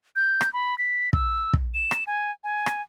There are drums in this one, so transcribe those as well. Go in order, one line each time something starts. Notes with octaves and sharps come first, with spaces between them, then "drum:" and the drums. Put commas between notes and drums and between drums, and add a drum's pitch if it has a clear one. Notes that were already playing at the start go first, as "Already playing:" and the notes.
G6
drum: rim click
B5
B6
E6, drum: kick
drum: kick
E7
drum: rim click
G#5
G#5
drum: rim click